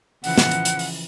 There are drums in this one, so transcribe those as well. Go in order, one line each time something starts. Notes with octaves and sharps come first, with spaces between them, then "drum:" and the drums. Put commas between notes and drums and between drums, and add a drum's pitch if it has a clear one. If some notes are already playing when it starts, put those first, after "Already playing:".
C#3 E3 F3 F#5, drum: open hi-hat
drum: snare
drum: hi-hat
drum: hi-hat
drum: open hi-hat